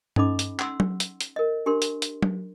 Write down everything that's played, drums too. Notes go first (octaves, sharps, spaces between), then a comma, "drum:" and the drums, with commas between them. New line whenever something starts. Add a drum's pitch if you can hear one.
C#4 D#4 A4 D#5 B5 D6, drum: tom G2
drum: hi-hat
F#5 C6 E6, drum: clap
drum: tom F#3
drum: hi-hat
drum: hi-hat
A#4 D#5
D4 G4 A#4 C6
drum: hi-hat
drum: hi-hat
drum: tom F#3